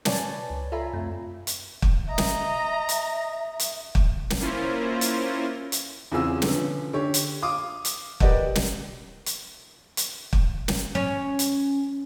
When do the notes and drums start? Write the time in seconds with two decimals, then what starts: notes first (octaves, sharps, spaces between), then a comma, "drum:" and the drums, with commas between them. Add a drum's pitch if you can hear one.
0.05 B4 C#5 D5 G#5 A5, drum: snare
0.50 C#2
0.72 F4 A4 E5 G#5 A#5 B5
0.93 F#2 C3 A3
1.47 drum: hi-hat
1.82 drum: kick
2.08 D#5 E5 A#5
2.18 drum: snare
2.89 drum: hi-hat
3.59 drum: hi-hat
3.95 drum: kick
4.30 drum: snare
4.41 A#3 C#4 E4 F4 A#4 C5
5.01 drum: hi-hat
5.72 drum: hi-hat
6.12 E2 C#3 C4 F4 G#4 E6
6.42 D3 F3 B3 C#4, drum: snare
6.93 D3 G4 C#5
7.14 drum: hi-hat
7.42 F5 D6 D#6
7.85 drum: hi-hat
8.20 G4 A#4 B4 D5 D#5 F#5, drum: kick
8.55 drum: snare
9.26 drum: hi-hat
9.97 drum: hi-hat
10.33 drum: kick
10.68 drum: snare
10.95 C#4
11.39 drum: hi-hat